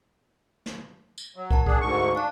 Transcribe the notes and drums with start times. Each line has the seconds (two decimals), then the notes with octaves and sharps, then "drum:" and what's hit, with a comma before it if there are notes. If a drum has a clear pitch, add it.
0.66 drum: snare
1.18 drum: tambourine
1.36 F#3
1.51 A#4 F#5 A5, drum: kick
1.66 D4 G#4, drum: kick
1.81 D2 G#2 C#6
2.15 D4 F5 G#5 A5